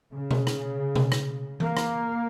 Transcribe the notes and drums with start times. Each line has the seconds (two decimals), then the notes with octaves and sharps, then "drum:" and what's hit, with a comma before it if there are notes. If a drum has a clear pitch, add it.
0.14 C#3
0.31 drum: tom B2
0.47 drum: rim click
0.96 drum: tom B2
1.12 drum: rim click
1.60 A#3, drum: tom E3
1.77 drum: rim click